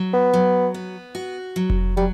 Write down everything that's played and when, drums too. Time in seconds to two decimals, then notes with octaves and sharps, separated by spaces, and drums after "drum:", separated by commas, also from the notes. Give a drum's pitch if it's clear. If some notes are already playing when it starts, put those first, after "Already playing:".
Already playing: F#3
0.13 B3
0.34 F#3
0.74 B3
1.15 F#4
1.56 F#3
1.70 drum: kick F1
1.97 F#3 G3